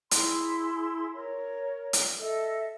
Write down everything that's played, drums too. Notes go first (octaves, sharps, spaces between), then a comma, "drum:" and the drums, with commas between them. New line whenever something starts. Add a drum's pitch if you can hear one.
E4 G#4 C6, drum: hi-hat
A#4 C#5
drum: hi-hat
A4 D#5 E5